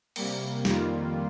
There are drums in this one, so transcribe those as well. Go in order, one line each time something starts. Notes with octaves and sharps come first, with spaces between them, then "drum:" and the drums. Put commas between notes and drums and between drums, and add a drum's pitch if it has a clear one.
C3 G3 A#3, drum: cymbal
F2 D#3 G3 A#3 F4, drum: snare